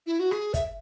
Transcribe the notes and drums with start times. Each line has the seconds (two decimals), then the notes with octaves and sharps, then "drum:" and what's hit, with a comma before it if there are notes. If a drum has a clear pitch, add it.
0.07 E4
0.20 F#4
0.31 G#4, drum: rim click
0.54 E5, drum: kick, hi-hat